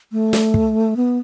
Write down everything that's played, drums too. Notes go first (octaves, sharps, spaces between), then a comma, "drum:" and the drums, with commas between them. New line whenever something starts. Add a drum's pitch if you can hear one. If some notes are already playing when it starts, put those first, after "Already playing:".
A3
drum: snare
drum: kick
B3